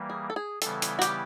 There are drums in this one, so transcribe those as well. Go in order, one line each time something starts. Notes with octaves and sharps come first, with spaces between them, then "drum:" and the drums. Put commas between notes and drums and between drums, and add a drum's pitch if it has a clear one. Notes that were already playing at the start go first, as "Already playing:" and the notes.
Already playing: E3 G3 A#3
G#4
A4
G#4
C#3 E3 G3 B3 E4 A4, drum: hi-hat
drum: hi-hat
F#4
G4, drum: hi-hat